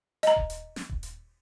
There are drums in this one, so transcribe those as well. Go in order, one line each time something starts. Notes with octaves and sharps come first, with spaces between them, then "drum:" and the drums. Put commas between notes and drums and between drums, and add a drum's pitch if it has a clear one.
D#5 A#5, drum: hi-hat
drum: kick D#1
drum: hi-hat
drum: snare
drum: kick D#1
drum: hi-hat